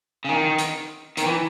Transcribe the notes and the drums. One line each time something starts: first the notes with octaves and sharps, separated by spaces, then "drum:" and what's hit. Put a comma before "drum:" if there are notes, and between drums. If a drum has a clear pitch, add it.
C#3
D#3
drum: hi-hat
D#3, drum: hi-hat
E3